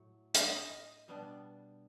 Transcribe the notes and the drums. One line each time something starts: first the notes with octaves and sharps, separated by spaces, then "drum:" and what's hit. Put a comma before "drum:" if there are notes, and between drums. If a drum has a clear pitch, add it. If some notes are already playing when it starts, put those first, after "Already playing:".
Already playing: A2 F#3
D#5, drum: hi-hat
B2 G3 B3 D4